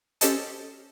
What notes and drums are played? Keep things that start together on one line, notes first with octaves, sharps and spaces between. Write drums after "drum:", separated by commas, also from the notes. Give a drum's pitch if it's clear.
C#4 G4 A4 C5 D#5 A5, drum: hi-hat